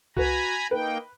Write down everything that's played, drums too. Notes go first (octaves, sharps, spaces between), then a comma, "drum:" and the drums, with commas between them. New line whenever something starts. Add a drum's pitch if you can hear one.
F#4 B4 G#5 A#5 B5, drum: kick C2
A#3 D#4 B4 G5